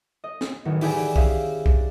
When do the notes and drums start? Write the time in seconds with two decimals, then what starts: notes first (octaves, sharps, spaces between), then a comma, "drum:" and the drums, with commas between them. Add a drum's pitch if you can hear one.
0.24 D#5
0.41 drum: snare
0.65 A1 E2 D#3 F#3
0.81 E4 G4 G#4 D5 F#5 G#5, drum: open hi-hat
1.16 C#4 G4 G#4 E5 F5, drum: kick
1.66 D4, drum: kick